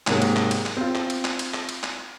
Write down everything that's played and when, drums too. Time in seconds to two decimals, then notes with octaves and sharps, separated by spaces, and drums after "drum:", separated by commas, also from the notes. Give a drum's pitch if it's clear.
0.07 G#2 C3 F#3 G#3 A#3, drum: clap
0.22 drum: cymbal
0.36 drum: clap
0.51 drum: cymbal
0.66 drum: clap
0.77 C4 F4
0.95 drum: clap
1.10 drum: cymbal
1.25 drum: clap
1.39 drum: cymbal
1.54 drum: clap
1.69 drum: cymbal
1.83 drum: clap